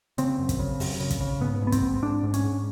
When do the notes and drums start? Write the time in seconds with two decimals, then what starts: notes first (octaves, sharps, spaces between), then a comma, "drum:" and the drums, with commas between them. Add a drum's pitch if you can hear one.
0.18 C#3 C4, drum: hi-hat
0.38 F#2
0.49 drum: kick, hi-hat
0.59 C#3
0.80 F#2, drum: open hi-hat
1.00 C#3
1.10 drum: kick, hi-hat
1.21 C#3
1.41 G#2 B3
1.62 G#2
1.67 B3
1.72 C4, drum: kick, hi-hat
1.82 G#2
2.02 G#2 D4
2.24 G#2
2.34 C#4, drum: hi-hat
2.44 G#2